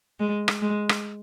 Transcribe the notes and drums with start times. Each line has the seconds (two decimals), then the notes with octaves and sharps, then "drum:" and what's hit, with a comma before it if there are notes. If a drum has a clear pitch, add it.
0.19 G#3
0.48 drum: rim click
0.61 G#3
0.89 drum: rim click